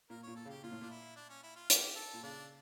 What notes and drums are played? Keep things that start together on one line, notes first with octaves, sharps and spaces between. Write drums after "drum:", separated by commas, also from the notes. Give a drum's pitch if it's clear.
A#2 A#4
A#2 C#5
A4
C#3 G4
A#2 F4
A2
A#2 D4
E4
D4
C#4
E4
F4
G4, drum: hi-hat
A4
A#2
C#3 D4